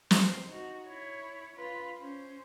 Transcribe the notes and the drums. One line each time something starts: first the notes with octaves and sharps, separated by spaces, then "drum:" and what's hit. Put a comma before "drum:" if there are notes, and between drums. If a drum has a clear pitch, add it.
C5, drum: snare
D#4 F#4
E4 C#5
F4 B4
C#4 C5